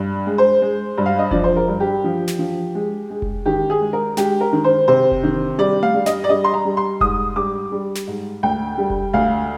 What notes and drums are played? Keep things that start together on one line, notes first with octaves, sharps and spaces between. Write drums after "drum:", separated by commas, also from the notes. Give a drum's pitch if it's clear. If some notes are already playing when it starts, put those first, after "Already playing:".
Already playing: G2
G#3
C5
G#3
G2
F5
D#5
F3 D5, drum: kick F1
C5
A#4
G2
G4
F3
drum: snare
F3
G#3
G#3
drum: kick F1
D#3 G4
G#4
G#3
A#4
G#3 G4, drum: snare
A#4
D#3
C5
C3 C5
drum: kick F1
D#3
G3 D5
F5, drum: tom A3
G3
D#5, drum: snare
D5
G3 D#5
C6
A#5
G3
C6
G#2 D#6, drum: kick F1
G3 D6
G3
drum: snare
G#2
D2 G5
G3
drum: kick F1
D2 F5